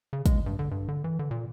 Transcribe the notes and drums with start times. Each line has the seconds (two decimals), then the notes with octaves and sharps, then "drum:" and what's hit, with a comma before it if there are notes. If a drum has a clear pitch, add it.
0.13 C#3
0.26 G#3, drum: kick, hi-hat
0.46 G2
0.59 D3
0.71 G2
0.88 D3
1.04 E3
1.19 D3
1.31 A#2